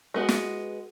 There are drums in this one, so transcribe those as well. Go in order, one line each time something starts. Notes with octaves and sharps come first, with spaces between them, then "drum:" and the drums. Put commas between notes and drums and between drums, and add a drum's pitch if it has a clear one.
G#3 B3 F#4
drum: snare